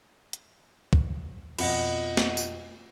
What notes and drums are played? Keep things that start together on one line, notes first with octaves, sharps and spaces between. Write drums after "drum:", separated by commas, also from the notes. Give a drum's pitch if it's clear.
drum: hi-hat
drum: kick
F2 B2 D#5 F#5 B5, drum: cymbal
drum: snare
drum: tambourine